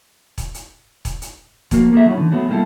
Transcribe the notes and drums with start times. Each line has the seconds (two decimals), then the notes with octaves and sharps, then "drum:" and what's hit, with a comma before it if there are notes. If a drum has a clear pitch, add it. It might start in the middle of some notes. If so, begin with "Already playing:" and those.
0.38 drum: kick E1, hi-hat
0.54 drum: hi-hat
1.05 drum: kick E1, hi-hat
1.22 drum: hi-hat
1.71 F3 A#3 F#4 A#4, drum: kick E1, hi-hat
1.93 A#3 G#4 A4 E5
2.06 F#3 C#4 E4
2.18 D3 E3
2.32 F#3 G#3 A3 B3
2.49 G3 G#3 A#3 E4 F4 A4